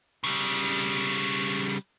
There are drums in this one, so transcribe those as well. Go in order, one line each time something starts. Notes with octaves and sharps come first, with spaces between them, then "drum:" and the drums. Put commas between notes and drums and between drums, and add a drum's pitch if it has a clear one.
C#3 G3, drum: hi-hat
drum: hi-hat
drum: hi-hat